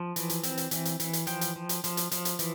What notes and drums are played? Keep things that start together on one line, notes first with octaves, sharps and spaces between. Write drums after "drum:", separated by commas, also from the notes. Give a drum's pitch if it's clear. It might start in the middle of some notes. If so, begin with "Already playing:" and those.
Already playing: F3
E3, drum: hi-hat
drum: hi-hat
C4, drum: hi-hat
drum: hi-hat
E3, drum: hi-hat
drum: hi-hat
E3, drum: hi-hat
drum: hi-hat
F3 G5, drum: hi-hat
drum: hi-hat
F3
drum: hi-hat
F3, drum: hi-hat
drum: hi-hat
F3, drum: hi-hat
drum: hi-hat
E3, drum: hi-hat